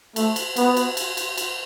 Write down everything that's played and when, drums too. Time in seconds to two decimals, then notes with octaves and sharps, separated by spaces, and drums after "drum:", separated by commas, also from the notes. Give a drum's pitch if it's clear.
0.16 A3, drum: cymbal
0.36 drum: cymbal
0.56 B3, drum: cymbal
0.77 drum: cymbal
0.97 drum: cymbal
1.17 drum: cymbal
1.37 drum: cymbal